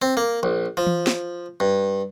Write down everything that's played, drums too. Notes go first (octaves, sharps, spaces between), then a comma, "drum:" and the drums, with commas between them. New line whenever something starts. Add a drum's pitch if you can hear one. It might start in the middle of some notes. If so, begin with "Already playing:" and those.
C4
A#3
A#1
F3
drum: tom E3
drum: snare
G2